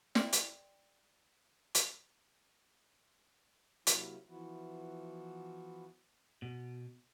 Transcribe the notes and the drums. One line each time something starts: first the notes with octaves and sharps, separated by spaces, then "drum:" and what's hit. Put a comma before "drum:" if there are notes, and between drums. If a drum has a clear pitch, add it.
D5 G5 C6, drum: snare
drum: hi-hat
drum: hi-hat
C3 F#3 A#3 E4, drum: hi-hat
E3 F3 B3 E4 F#4
B2